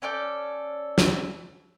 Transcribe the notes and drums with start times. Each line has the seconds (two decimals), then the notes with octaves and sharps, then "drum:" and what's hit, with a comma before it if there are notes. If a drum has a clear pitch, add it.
0.02 C#4 A4 D5 G6
0.98 drum: snare